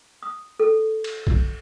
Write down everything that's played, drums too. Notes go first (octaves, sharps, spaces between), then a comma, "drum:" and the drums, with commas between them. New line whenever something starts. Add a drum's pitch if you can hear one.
D#6
A4
drum: cymbal
drum: kick